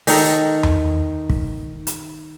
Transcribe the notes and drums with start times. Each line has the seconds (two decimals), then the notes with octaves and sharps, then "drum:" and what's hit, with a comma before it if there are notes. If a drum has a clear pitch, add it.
0.07 D#3 D#4 A4, drum: open hi-hat
0.63 drum: tom E2
1.30 drum: kick
1.87 drum: hi-hat